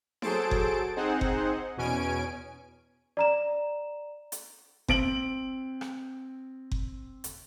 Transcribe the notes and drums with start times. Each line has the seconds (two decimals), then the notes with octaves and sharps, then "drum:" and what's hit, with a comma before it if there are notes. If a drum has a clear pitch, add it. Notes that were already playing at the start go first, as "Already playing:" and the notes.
0.22 F#3 G#4 A4 C5 A5 D7, drum: snare D#4
0.51 drum: kick F#1
0.96 C4 D#4 G#4 C5 F#5
1.21 drum: kick F#1
1.77 E2 B2 C#4 G#5 D7
3.17 D5 A#5 E7
4.32 drum: hi-hat
4.88 C4 D7 F#7, drum: kick F#1
5.81 drum: rim click
6.71 drum: kick F#1
7.24 drum: hi-hat